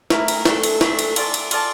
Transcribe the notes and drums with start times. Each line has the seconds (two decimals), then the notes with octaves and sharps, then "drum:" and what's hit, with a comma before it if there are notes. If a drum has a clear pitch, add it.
0.10 A3 E4 A#4, drum: snare
0.28 drum: cymbal
0.45 A3 D4 A4, drum: snare
0.63 drum: cymbal
0.81 A3 D4 A4, drum: snare
0.99 drum: cymbal
1.16 F4 A4 D5 A5, drum: cymbal
1.34 drum: cymbal
1.51 F4 A4 D5 A5, drum: cymbal